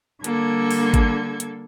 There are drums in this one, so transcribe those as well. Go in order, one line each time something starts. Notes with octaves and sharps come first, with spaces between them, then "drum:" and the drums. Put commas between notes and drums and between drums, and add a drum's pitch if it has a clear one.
D3 G3 A#3 A4 G#6, drum: hi-hat
drum: open hi-hat
drum: kick G#1, hi-hat
drum: hi-hat